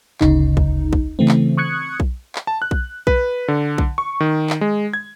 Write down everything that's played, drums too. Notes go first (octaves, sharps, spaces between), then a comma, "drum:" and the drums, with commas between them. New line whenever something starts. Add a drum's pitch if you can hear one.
G1 D2 C#3 D#4, drum: clap
drum: kick B1
drum: kick B1
C#3 E3 A3 C4
drum: clap
C#6 D#6 F#6 G#6 C#7
drum: kick B1
drum: clap
A5
F#6
drum: kick B1
B4, drum: kick B1
D3
drum: kick B1
C#6
D#3
drum: clap
G#3
G#6